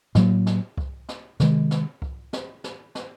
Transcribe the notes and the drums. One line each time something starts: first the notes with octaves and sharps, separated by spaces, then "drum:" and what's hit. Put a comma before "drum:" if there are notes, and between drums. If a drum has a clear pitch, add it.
A2 F#3 A#3, drum: snare
drum: snare
drum: kick C2
drum: snare
C3 D#3 G#3, drum: snare
drum: snare
drum: kick C2
drum: snare
drum: snare
drum: snare